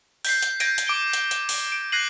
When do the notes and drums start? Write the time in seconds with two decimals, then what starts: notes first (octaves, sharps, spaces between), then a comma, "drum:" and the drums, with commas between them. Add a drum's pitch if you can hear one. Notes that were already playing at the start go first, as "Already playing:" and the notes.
0.25 G6 B6 C7, drum: open hi-hat
0.42 drum: hi-hat
0.60 G6 G#6 A#6 D7 D#7, drum: hi-hat
0.78 drum: hi-hat
0.87 D6 D7 G7
1.13 drum: hi-hat
1.31 drum: hi-hat
1.49 drum: open hi-hat
1.72 D7
1.92 F#6 G#6 A#6 C7 D#7 F#7